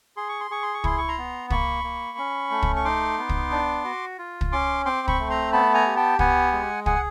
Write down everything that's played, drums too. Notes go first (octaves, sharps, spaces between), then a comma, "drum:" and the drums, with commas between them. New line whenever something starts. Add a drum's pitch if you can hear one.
G#4 C6
C#6
C6
G#4 C#6
C6
C#6
E4 C6, drum: kick
C#6
A#5 C6
B3
A#3 B5 C#6, drum: kick
A#3
C#4
A3
drum: kick
C#6
D#4 C6 D6
B3
drum: kick
D4
F#4
F4
drum: kick
C#4 C6 D6
C4 C6 D6
B5 C#6, drum: kick
A3
A#5 C6
B3 A5 B5
G#5 A#5
G4
G5 A5
B3 F#5 G#5, drum: kick
G#3
G#4 F#5 G#5, drum: kick